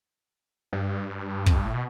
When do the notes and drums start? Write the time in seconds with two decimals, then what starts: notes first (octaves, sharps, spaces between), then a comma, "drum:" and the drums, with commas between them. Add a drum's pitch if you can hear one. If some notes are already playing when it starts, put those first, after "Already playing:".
0.73 G2
1.46 F2, drum: kick
1.56 G2
1.65 A2
1.74 B2